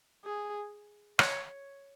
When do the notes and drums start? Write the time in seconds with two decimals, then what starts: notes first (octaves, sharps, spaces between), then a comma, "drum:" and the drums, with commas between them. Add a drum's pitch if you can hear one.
0.25 G#4
1.19 C#5, drum: rim click